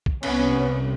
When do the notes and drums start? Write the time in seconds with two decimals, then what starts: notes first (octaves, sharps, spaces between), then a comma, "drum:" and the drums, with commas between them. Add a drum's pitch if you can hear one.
0.06 drum: kick
0.23 C2 C3 B3 C#4, drum: cymbal